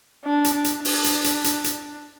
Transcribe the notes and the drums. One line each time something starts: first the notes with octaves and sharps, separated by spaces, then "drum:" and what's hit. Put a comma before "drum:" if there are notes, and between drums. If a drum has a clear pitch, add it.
D4
drum: hi-hat
D4
drum: hi-hat
D4, drum: open hi-hat
drum: hi-hat
drum: hi-hat
drum: hi-hat
drum: hi-hat